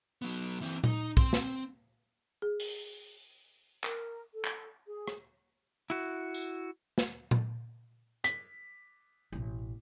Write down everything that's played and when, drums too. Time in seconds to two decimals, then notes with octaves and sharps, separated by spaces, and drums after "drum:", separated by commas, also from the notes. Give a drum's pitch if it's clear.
0.22 F#3 B3
0.61 E3 C4
0.84 D#4, drum: tom A#2
1.17 C4 C6, drum: kick
1.33 drum: snare
2.42 G#4
2.60 drum: open hi-hat
3.84 A#4, drum: clap
4.33 A4
4.45 drum: clap
4.86 G#4
5.08 drum: rim click
5.90 E4 F#4
6.34 drum: tambourine
6.98 drum: snare
7.31 drum: tom A#2
8.24 B6, drum: hi-hat
9.32 A1 B2